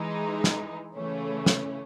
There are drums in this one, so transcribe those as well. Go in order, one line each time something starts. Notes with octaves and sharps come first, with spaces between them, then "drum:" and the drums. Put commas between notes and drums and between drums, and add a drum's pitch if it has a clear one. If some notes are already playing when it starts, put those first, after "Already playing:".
Already playing: E3 G#3 D#4
drum: snare
C#3 E3 A3 C#4
drum: snare